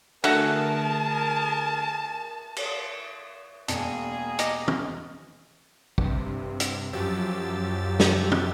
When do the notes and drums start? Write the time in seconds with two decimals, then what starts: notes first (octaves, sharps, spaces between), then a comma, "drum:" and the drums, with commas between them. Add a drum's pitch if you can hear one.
0.24 D3 A3 F#4 G#4 A#4 E5 F#5 A5, drum: cymbal
2.57 drum: cymbal
3.68 E1 A#3 D4 G#4, drum: hi-hat
4.39 G4 A#4 D#5, drum: hi-hat
4.68 drum: tom
5.98 G2 C3, drum: kick
6.60 drum: hi-hat
6.93 F#2 F3 F#3 G4 E6 A6
8.00 drum: snare
8.32 drum: tom